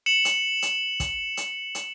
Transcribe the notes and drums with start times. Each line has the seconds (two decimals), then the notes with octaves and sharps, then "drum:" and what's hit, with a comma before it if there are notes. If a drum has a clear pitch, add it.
0.06 C#7 E7 F#7
0.25 drum: hi-hat
0.62 drum: hi-hat
1.00 drum: kick, hi-hat
1.37 drum: hi-hat
1.75 drum: hi-hat